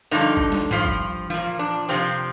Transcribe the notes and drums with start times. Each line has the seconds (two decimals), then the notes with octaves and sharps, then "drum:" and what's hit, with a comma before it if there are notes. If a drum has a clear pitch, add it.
0.11 G2 D3 F3 D#4
0.37 drum: kick
0.52 drum: snare
0.71 G2 F3, drum: tom G#2
0.85 drum: kick
1.30 A#2 F3, drum: tom E3
1.59 D4
1.89 F2 C3 F3 C4